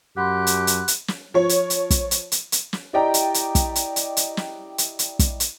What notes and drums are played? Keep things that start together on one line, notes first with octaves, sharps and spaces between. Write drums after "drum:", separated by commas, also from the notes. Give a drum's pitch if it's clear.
F#2 G4 F#5 B5 C6 F#6
drum: hi-hat
drum: hi-hat
drum: hi-hat
drum: snare
F3 C#5
drum: hi-hat
drum: hi-hat
drum: kick, hi-hat
drum: hi-hat
drum: hi-hat
drum: hi-hat
drum: snare
E4 G4 D5 D#5 G5 A#5
drum: hi-hat
drum: hi-hat
drum: kick, hi-hat
drum: hi-hat
drum: hi-hat
drum: hi-hat
drum: snare
drum: hi-hat
drum: hi-hat
drum: kick, hi-hat
drum: hi-hat